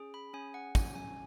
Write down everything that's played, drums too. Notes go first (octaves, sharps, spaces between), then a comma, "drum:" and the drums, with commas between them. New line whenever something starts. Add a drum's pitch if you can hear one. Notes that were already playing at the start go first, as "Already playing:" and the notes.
Already playing: C#4 G#4
B5
C#4 G#5
F#5
C#4 G#5, drum: kick, tambourine
G#5